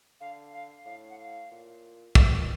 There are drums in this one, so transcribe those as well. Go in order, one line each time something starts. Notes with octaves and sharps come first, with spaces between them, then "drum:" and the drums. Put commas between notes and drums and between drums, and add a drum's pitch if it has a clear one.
D3 F5
F5
A2 F5
F#5
F5
A#2
B2 F#5, drum: kick
A#2